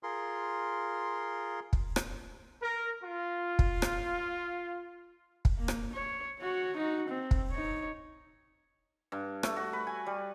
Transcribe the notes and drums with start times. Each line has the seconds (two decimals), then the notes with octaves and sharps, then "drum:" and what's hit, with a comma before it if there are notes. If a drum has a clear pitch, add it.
0.03 F4 G#4 A#4 C6
1.73 drum: kick
1.96 drum: rim click
2.62 A#4
3.02 F4
3.59 drum: kick
3.82 drum: rim click
5.45 drum: kick
5.58 A#3
5.68 drum: rim click
5.93 C#5
6.39 F#4 C#5
6.77 D#4 F#4
7.08 C4
7.31 drum: kick
7.51 D#4 C#5
9.12 G2
9.43 A3, drum: rim click
9.56 F#4
9.73 B4
9.87 G#5
10.06 G3